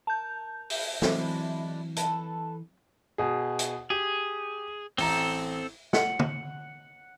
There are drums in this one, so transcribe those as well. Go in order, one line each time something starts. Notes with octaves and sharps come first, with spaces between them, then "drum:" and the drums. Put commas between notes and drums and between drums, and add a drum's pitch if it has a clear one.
A#4 A5 G6
drum: open hi-hat
E3 F#3 G#3 C4 D4 E4, drum: snare
A4 B4, drum: hi-hat
B2 G#4
drum: hi-hat
G4 G#4
A1 C4 A4 A#5, drum: open hi-hat
F#5, drum: snare
drum: tom